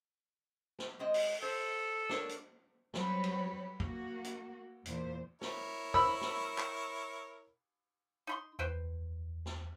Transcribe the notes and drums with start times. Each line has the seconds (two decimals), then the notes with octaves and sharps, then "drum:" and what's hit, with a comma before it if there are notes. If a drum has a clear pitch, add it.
0.79 drum: snare
0.99 G#3 C4 D#5
1.14 drum: open hi-hat
1.42 A4 C5
2.09 D4 A#4 C#5, drum: snare
2.29 drum: hi-hat
2.94 F#3 G3 C4 B4 C#5, drum: snare
3.24 drum: cymbal
3.80 A#3 F#4, drum: kick
4.24 drum: hi-hat
4.86 E2 A#2 C5, drum: hi-hat
5.41 E4 A#4 C#5, drum: snare
5.94 B5 E6, drum: kick
6.21 drum: snare
6.58 drum: clap
8.27 D#4 B5 C6
8.59 E2 B4 C5 G5
9.46 drum: snare